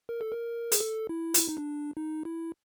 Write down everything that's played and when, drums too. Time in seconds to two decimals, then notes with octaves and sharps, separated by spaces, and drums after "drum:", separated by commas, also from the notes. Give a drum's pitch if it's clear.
0.09 A#4
0.21 A4
0.32 A#4
0.72 G#4, drum: hi-hat
0.80 A4
1.09 E4
1.34 F4, drum: hi-hat
1.38 E4
1.49 D#4
1.57 D4
1.97 D#4
2.25 E4